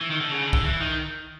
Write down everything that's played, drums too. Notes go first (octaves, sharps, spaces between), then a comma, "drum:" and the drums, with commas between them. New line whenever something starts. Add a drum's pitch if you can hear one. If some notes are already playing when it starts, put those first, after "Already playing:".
E3
D#3
D3
C#3
D3
D3, drum: kick
E3
D#3